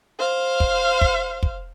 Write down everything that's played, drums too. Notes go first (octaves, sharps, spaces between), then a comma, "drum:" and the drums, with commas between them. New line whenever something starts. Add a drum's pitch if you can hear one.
C5 F5
drum: kick
drum: kick
drum: kick